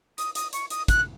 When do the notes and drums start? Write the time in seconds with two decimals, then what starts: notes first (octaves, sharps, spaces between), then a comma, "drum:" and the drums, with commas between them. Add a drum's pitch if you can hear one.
0.18 D#6, drum: hi-hat
0.35 D#6, drum: hi-hat
0.53 C#6, drum: hi-hat
0.70 D#6, drum: hi-hat
0.88 F#6, drum: kick, hi-hat